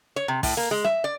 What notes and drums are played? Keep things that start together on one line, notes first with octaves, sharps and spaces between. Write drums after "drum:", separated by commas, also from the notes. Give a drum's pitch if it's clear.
C#5
C3
A2, drum: kick, open hi-hat
A#3
G#3
E5, drum: snare
D5